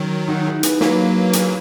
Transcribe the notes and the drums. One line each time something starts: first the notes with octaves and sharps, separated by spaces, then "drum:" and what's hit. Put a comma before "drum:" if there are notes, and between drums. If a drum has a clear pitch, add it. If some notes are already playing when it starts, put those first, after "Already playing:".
Already playing: D#3 F#3 C#4
D#4 F#4
E4 G#4
G#4 B4, drum: hi-hat
F#3 A#3 G#4 B4, drum: snare
G#4 B4, drum: hi-hat